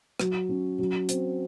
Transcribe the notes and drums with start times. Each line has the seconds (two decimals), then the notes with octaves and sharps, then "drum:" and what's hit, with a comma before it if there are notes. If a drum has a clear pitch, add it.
0.20 F#3, drum: rim click
0.49 C#4
0.79 F#3
1.09 C4, drum: hi-hat